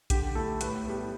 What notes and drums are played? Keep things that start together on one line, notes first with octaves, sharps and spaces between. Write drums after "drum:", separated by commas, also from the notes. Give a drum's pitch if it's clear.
D3 G4, drum: kick A#1, hi-hat
A3 E4 A4
A2 B4, drum: hi-hat
G3 B3